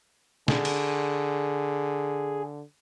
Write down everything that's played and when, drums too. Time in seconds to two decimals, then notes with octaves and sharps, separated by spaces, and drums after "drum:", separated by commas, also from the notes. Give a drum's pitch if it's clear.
0.48 D3 G#4, drum: snare
0.65 drum: cymbal